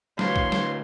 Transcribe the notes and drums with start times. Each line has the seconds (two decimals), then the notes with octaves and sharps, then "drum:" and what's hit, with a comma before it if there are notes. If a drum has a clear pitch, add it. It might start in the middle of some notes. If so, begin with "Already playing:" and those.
0.19 D2 A2 D4 F#4 B4 C#5 F5 C6, drum: snare
0.36 drum: kick A#1
0.52 drum: snare